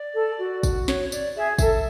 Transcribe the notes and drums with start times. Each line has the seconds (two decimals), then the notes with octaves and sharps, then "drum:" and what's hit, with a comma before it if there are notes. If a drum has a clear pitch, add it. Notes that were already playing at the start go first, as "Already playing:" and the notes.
Already playing: D5
0.14 A4
0.39 F#4
0.63 drum: kick, tambourine
0.88 C#5, drum: snare
1.12 D5, drum: tambourine
1.37 G#4 E5
1.58 A4 E5, drum: kick, tambourine